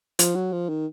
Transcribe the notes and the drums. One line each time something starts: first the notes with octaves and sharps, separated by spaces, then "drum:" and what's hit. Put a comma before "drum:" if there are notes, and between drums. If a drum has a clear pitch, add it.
F3, drum: hi-hat
F#3
F3
D#3